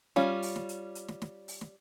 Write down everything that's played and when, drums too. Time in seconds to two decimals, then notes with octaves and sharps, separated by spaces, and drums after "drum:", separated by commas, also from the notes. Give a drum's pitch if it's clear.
0.16 G3 C#4 F4, drum: snare
0.42 drum: open hi-hat
0.56 drum: snare
0.69 drum: hi-hat
0.95 drum: hi-hat
1.08 drum: snare
1.22 drum: snare
1.48 drum: open hi-hat
1.61 drum: snare